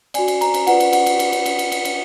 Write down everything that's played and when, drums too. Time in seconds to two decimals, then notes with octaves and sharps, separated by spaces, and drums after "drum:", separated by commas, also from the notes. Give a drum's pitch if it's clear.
0.14 F#4 D5 G#5, drum: cymbal
0.28 drum: cymbal
0.41 A#5, drum: cymbal
0.54 drum: cymbal
0.67 F4 B4 D5 F#5, drum: cymbal
0.80 drum: cymbal
0.93 F#5, drum: cymbal
1.06 drum: cymbal
1.19 drum: cymbal
1.32 drum: cymbal
1.46 drum: cymbal
1.59 drum: cymbal
1.72 drum: cymbal
1.85 drum: cymbal